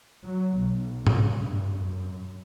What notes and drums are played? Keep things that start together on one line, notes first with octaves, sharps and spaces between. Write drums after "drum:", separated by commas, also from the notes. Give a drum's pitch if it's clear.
F#3
B1
C#3, drum: tom G#2
G2
F#2